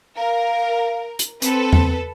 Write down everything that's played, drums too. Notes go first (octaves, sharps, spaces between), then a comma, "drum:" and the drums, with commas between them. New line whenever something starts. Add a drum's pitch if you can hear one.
A#4 F5
drum: hi-hat
C4 A4 B4, drum: hi-hat
drum: tom E2